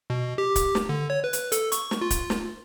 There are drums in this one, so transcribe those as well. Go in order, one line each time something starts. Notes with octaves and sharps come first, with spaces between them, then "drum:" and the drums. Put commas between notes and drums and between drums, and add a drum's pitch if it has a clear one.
B2
G4
drum: kick D1, hi-hat
drum: snare
D3
C#5
B4
drum: hi-hat
A4, drum: hi-hat
C#6, drum: hi-hat
drum: snare
F4
drum: kick D1, hi-hat
drum: snare